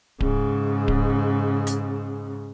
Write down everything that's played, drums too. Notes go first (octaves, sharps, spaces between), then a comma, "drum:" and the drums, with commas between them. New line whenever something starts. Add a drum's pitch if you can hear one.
G#2 C#3, drum: kick D1
drum: kick D1
drum: hi-hat